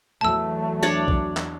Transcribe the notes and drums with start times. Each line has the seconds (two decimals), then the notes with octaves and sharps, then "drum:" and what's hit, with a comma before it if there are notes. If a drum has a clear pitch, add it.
0.21 E2 F#3 A3 A5 E6
0.83 D4 C#5 D5
1.08 drum: kick B1
1.37 drum: clap